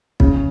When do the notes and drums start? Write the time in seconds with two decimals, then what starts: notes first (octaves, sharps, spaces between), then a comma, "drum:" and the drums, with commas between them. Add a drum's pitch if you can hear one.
0.20 C#3, drum: kick